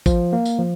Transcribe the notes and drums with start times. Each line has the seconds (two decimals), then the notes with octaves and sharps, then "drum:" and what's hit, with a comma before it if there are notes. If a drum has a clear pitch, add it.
0.06 F3, drum: kick A1, tambourine
0.33 A#3
0.45 drum: tambourine
0.58 F3